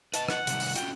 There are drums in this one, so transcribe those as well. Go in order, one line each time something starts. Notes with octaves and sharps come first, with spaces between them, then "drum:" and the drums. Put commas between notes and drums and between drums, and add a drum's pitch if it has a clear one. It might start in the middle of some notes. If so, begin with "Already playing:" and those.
B4 D#5 A5, drum: hi-hat
F#5, drum: rim click
C3 D#3 G3, drum: hi-hat
drum: open hi-hat
C#4 F4 F#4 G5, drum: hi-hat